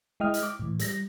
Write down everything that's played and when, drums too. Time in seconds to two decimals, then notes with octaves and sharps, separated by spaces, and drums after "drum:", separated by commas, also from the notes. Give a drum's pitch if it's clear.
0.20 G#3 E4 D#5 G5 D#6 F6
0.34 drum: hi-hat
0.43 D6
0.59 A2 E3
0.79 G3 A#6, drum: hi-hat